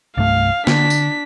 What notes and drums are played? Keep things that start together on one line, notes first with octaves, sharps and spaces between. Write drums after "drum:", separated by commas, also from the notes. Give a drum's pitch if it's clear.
C2 G2 A3 F5
D3 D4 B6, drum: snare
drum: tambourine